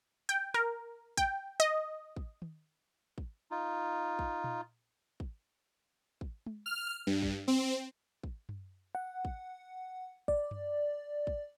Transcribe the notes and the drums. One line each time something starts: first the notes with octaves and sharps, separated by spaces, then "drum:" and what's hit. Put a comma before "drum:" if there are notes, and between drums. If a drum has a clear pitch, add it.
G5
A#4
G5, drum: kick
D#5
drum: kick
drum: tom D#3
drum: kick
D#4 F4
drum: kick
drum: tom A#2
drum: kick
drum: kick
drum: tom G#3
F6
G2
drum: kick
C4
drum: kick
drum: tom F#2
F#5
drum: kick
D5, drum: kick
drum: tom F#2
drum: kick